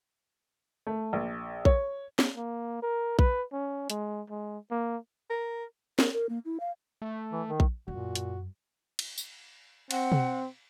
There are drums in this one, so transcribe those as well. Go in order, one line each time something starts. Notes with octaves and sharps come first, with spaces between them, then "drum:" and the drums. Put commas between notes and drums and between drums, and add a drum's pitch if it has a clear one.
A3
A#1
C#5, drum: kick A#1
drum: snare
A#3
A#4
B4, drum: kick A#1
C#4
G#3, drum: hi-hat
G#3
A#3
A#4
A#4, drum: snare
A#4
A#3
E4
F5
A3
E3
D#3
drum: kick A#1
F#2 A#2 F#4
drum: hi-hat
drum: cymbal
drum: tambourine
C4 F#5, drum: cymbal
drum: tom B2